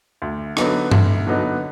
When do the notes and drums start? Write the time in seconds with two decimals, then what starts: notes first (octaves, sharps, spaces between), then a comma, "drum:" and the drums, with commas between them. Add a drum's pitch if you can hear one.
0.22 D2
0.57 D3 F#3 B3 D#4, drum: rim click
0.91 D2, drum: tom G2
1.27 D3 F#3 B3 D#4